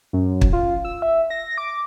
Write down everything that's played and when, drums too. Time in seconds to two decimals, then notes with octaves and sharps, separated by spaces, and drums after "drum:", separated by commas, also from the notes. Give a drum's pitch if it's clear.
0.13 F#2
0.41 drum: kick
0.53 F4
0.85 E6
1.02 E5
1.30 A#6
1.58 D6